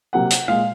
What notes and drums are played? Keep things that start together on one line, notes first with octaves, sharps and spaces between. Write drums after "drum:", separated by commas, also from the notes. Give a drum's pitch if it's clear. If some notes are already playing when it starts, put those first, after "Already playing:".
C3 F#3 A#3 F#5
drum: hi-hat
A#2 G#3 F5